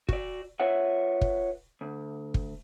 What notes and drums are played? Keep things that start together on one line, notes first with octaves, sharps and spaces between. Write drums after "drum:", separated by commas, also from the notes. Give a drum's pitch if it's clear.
F#4 D5, drum: kick
F4 B4 C#5 E5 F#5
drum: kick
D2
drum: kick